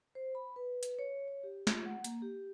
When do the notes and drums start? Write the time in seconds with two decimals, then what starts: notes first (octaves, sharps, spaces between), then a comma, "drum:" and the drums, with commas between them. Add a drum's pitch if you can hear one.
0.15 C5
0.35 B5
0.56 B4
0.83 drum: hi-hat
0.99 C#5
1.28 C#5
1.44 G4
1.67 F4, drum: snare
1.86 F#5
2.04 A#3, drum: hi-hat
2.22 G4